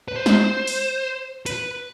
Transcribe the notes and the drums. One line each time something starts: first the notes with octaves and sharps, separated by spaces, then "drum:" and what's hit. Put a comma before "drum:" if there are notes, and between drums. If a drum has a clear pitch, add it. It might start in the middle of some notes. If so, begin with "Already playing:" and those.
B4
C5
drum: snare
drum: open hi-hat
B4, drum: hi-hat